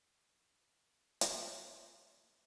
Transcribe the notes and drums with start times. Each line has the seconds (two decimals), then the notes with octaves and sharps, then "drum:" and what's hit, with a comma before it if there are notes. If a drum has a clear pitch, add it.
0.22 A#2 D#4 F4 G#4
0.65 C4
1.21 drum: hi-hat
1.43 F4
2.13 A3 F#4